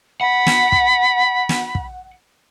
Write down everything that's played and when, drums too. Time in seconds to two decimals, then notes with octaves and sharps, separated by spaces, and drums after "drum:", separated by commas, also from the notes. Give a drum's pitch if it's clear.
0.21 F#5 B5
0.47 drum: snare
0.72 drum: kick
1.49 drum: snare
1.75 drum: kick